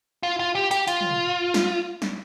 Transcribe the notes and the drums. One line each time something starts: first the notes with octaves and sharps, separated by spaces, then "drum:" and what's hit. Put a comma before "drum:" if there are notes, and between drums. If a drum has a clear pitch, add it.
F4
F4
G4
G4, drum: hi-hat
F4, drum: hi-hat
drum: tom
drum: snare
drum: snare